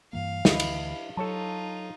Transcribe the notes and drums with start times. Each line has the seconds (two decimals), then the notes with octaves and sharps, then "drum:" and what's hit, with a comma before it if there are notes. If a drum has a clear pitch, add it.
0.13 G2 E3 A#3 F5
0.45 D2 E3 E4 B4 D#5, drum: snare
0.60 drum: cymbal
1.17 F#3 D#4 F4 A4 C#5 A5